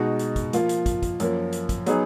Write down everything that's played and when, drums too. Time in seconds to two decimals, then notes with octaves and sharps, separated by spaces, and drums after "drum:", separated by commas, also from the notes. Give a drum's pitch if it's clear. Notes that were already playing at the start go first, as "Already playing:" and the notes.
Already playing: B2 G#3 D#4 F#4
0.19 drum: hi-hat
0.36 drum: kick, hi-hat
0.53 F3 A#3 F4, drum: hi-hat
0.69 drum: hi-hat
0.86 drum: kick, hi-hat
1.02 drum: kick, hi-hat
1.20 F#2 F3 A#3, drum: hi-hat
1.52 drum: hi-hat
1.69 drum: kick, hi-hat
1.86 F#3 B3 D#4 G#4, drum: hi-hat